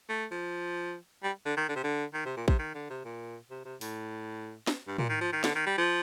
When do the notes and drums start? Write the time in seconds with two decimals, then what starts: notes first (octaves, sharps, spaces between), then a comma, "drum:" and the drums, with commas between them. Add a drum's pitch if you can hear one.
0.09 A3
0.31 F3
1.23 G3
1.46 D3
1.57 D#3
1.69 D3
1.76 C3
1.83 D3
2.14 D#3
2.25 C3
2.37 A#2
2.48 C3, drum: kick
2.59 D#3
2.75 D3
2.90 C3
3.05 A#2
3.51 C3
3.65 C3
3.81 A2, drum: open hi-hat
4.67 drum: snare
4.87 G2
4.98 A#2, drum: tom
5.09 D#3
5.21 F3
5.33 D#3
5.44 D3, drum: snare
5.55 D#3
5.66 G3
5.78 F3